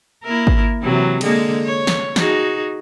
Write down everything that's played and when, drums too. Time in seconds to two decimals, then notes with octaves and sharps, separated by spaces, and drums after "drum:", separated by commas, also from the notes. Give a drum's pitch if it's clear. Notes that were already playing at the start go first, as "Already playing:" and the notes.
0.24 A#3 E4 A#4
0.47 drum: kick G#1
0.82 C3 E3 F#3
1.21 D3 G#3 A#3, drum: cymbal
1.65 C#5
1.87 drum: snare
2.16 D#4 F#4 G#4, drum: snare